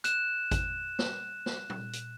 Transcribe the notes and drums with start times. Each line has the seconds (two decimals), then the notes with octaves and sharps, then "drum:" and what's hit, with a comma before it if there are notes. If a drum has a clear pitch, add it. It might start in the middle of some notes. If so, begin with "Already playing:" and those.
0.04 F#6 E7, drum: hi-hat
0.51 drum: kick G#1, hi-hat
0.99 drum: snare
1.46 drum: snare
1.70 drum: tom
1.93 drum: hi-hat